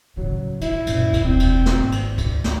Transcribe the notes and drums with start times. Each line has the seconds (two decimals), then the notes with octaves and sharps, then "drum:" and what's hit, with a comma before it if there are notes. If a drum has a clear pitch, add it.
0.17 A2 C#3 F#3
0.61 A3 E4, drum: cymbal
0.87 F#2 A#2, drum: cymbal
1.14 drum: kick C#2, cymbal
1.24 E1 C4
1.40 drum: cymbal
1.66 drum: snare
1.78 G#1
1.92 drum: cymbal
2.18 drum: kick C#2, cymbal
2.44 drum: snare